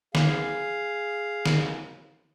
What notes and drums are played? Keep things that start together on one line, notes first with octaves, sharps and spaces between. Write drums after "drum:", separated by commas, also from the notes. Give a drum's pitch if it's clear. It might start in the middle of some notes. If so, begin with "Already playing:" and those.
G#4 F5, drum: snare
drum: snare